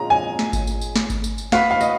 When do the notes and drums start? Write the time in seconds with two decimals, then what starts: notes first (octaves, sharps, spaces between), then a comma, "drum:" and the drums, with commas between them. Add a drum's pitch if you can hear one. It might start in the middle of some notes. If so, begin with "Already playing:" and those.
Already playing: A#2 G#3 C#4 F4 A#5
0.10 G#5
0.39 drum: snare
0.53 drum: kick G#1, tambourine
0.67 drum: tambourine
0.81 drum: tambourine
0.96 drum: snare
1.10 drum: kick G#1, tambourine
1.24 drum: tambourine
1.38 drum: tambourine
1.52 B3 F#4 B4 F5, drum: snare
1.71 F5
1.80 D#5, drum: tambourine